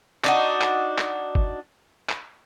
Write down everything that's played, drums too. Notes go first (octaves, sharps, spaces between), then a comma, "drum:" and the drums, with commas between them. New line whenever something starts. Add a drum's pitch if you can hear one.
D4 D#4 F#4, drum: clap
drum: clap
drum: clap
drum: kick G1
drum: clap